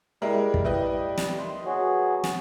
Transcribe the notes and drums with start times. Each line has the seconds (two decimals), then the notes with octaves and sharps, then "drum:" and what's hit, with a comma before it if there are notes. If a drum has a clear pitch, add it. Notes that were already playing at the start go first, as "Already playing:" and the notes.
0.22 G3 G#3 E4 A#4
0.54 drum: kick
0.64 A2 E4 B4 D#5 G5
1.17 drum: snare
1.39 D#2 D#3 C6
1.66 F#3 B3 F#4 G#4
2.24 drum: snare